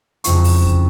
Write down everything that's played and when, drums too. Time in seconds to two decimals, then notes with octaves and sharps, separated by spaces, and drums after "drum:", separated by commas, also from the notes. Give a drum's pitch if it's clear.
0.24 F#1 F2 F4 C#6, drum: hi-hat
0.44 drum: open hi-hat
0.64 drum: kick D#2